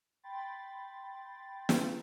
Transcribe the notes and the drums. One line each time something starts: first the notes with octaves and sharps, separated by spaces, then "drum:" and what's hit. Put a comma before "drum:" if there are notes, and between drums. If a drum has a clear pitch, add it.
G5 B5 C6 A6
drum: snare